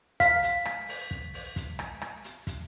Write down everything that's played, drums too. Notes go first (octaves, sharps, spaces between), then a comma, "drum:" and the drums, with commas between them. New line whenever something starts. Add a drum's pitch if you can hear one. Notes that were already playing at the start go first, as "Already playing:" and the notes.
F5 B6, drum: kick, hi-hat
drum: hi-hat
drum: rim click
drum: open hi-hat
drum: kick
drum: open hi-hat
drum: kick, hi-hat
drum: rim click
drum: rim click
drum: hi-hat
drum: kick, hi-hat